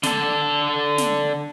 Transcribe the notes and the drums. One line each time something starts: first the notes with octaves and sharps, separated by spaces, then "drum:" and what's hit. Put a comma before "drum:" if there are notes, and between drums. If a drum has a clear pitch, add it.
D3 A4, drum: snare
drum: snare